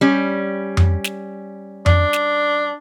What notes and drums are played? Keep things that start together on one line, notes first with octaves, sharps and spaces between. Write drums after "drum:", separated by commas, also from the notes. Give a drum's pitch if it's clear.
G3 C#4
drum: tom F2
drum: snare
D4, drum: tom F2
drum: snare